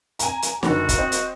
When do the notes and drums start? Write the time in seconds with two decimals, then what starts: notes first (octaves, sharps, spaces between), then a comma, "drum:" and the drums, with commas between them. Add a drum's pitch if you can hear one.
0.19 G#5 A#5, drum: hi-hat
0.42 drum: hi-hat
0.63 F#1 D3 F#4, drum: snare
0.89 drum: kick, hi-hat
0.98 C4 C5 D#5
1.12 drum: hi-hat